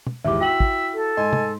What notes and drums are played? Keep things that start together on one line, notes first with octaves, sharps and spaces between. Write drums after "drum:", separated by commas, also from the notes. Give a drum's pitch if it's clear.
drum: tom
G#1 E2 G4 E5 D6
E4 F#4 E5 G5 F#7
drum: kick
A4
G#2 D#5 G#5 C6
drum: tom